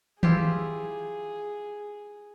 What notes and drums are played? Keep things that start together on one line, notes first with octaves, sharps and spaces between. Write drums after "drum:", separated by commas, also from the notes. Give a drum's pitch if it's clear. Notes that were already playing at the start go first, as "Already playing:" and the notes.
E4 F4 G4 G#4, drum: tom D#3